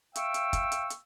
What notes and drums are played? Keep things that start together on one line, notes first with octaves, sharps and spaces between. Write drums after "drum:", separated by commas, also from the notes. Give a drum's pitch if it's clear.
E5 F5 G5 C#6 E6, drum: hi-hat
drum: hi-hat
drum: kick, hi-hat
drum: hi-hat
drum: hi-hat